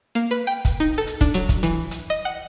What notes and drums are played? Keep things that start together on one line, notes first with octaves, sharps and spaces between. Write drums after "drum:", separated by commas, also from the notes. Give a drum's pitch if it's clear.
A#3
B4
G5
drum: kick, hi-hat
D#4
A4
drum: hi-hat
D4, drum: kick, hi-hat
F#3, drum: hi-hat
drum: kick, hi-hat
E3, drum: hi-hat
drum: hi-hat
D#5
F#5